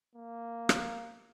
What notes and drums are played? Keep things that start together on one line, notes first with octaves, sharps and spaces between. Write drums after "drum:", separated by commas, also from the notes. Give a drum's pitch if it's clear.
A#3
drum: rim click